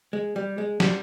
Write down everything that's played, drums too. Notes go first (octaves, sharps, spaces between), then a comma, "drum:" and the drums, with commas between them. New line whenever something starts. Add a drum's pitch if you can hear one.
G#3
G3
G#3
G3, drum: snare